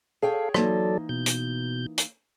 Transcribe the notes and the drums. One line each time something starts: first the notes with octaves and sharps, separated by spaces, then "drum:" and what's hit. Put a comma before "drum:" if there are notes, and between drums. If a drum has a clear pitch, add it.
G#4 A4 C#5 F5 G5
E3 F#3 A#3 D#4 A4 D5, drum: rim click
B2 G6
drum: hi-hat
drum: hi-hat